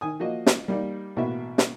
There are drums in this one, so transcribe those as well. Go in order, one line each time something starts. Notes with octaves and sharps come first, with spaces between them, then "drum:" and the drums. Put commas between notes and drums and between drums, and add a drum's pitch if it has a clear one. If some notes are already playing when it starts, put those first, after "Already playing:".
D#3 G#5 D#6
F3 A#3 F#4 D#5
drum: snare
G3 A#3 D#4 D5
A1 B2 A#3 E4 F#4 E5
drum: snare